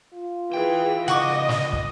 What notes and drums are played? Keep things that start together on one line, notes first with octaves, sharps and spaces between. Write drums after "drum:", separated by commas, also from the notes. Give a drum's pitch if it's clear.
F4
E3 G#4 G5
C#3 D#4 D#5 F#5 C#6 D6
drum: snare
drum: kick